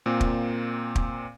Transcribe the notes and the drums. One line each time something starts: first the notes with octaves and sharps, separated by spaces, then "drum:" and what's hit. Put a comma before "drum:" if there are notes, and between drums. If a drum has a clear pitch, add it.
A#2 A#3 C4
drum: kick
drum: kick